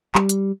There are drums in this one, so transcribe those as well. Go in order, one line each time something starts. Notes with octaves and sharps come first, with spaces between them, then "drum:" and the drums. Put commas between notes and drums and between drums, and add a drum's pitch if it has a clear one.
G3, drum: clap
drum: hi-hat